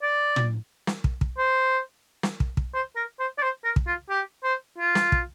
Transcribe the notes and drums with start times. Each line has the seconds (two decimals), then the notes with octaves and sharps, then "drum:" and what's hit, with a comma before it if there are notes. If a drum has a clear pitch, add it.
0.03 D5
0.36 drum: tom
0.87 drum: snare
1.04 drum: kick
1.21 drum: kick
1.38 C5
2.23 drum: snare
2.40 drum: kick
2.57 drum: kick
2.75 C5
2.96 A#4
3.20 C5
3.38 D5
3.42 C5
3.64 A#4
3.76 drum: kick
3.87 F4
4.10 G4
4.44 C5
4.78 F4
4.95 drum: snare
5.12 drum: kick